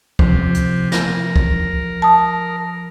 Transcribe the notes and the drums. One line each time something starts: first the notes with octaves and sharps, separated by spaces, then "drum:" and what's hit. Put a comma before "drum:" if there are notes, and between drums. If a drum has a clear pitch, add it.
C3 F3, drum: kick
drum: hi-hat
A#4, drum: snare
drum: kick
A5 D#6